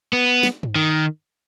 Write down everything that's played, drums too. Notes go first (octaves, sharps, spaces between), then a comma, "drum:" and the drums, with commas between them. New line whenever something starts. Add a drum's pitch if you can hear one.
B3
drum: snare
drum: tom G2
D#3